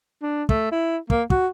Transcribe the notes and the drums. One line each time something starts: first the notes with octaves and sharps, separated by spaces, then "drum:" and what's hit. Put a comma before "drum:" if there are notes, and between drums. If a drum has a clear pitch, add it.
D4
A3, drum: kick
E4
A#3, drum: kick
F#4, drum: kick